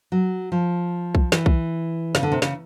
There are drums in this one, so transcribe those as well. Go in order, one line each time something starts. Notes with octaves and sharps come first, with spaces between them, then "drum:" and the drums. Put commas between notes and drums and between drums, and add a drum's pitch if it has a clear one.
F#3
F3
drum: kick B1
E3, drum: snare
drum: kick B1
C#3, drum: snare
D3
C3
C#3, drum: snare